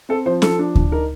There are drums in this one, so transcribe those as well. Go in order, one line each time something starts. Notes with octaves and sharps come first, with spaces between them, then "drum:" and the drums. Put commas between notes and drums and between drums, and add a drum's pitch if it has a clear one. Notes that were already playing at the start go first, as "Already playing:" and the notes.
C4 A4
F3 C5
F3 A4, drum: snare C#4
D4
D4, drum: kick D2
D#4 A#4